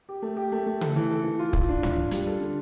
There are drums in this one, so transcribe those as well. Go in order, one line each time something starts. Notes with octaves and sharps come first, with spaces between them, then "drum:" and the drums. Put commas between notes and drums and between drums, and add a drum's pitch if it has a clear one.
G4
A3
G4
A3
A3
A4, drum: tom C#3
E3
A4
E3
F4
F4, drum: kick
D4
F4, drum: tom
D4
G3, drum: hi-hat
A4
D3